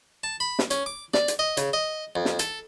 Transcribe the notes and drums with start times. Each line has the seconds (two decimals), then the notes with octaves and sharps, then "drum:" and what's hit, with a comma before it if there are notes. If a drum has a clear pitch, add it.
0.23 A5
0.40 B5
0.59 drum: snare
0.71 C#4, drum: hi-hat
0.86 D6
1.14 D5, drum: snare
1.28 drum: hi-hat
1.39 D#5
1.57 C#3, drum: hi-hat
1.73 D#5
2.16 F2
2.25 drum: snare
2.39 A4, drum: hi-hat